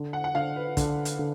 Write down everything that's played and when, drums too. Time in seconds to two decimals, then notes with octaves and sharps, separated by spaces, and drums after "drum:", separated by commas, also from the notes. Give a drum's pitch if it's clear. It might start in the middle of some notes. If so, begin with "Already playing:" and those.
Already playing: D3
0.13 F#5
0.24 F#5
0.35 D3 F5
0.56 B4
0.77 D3, drum: kick, hi-hat
1.05 drum: hi-hat
1.19 D3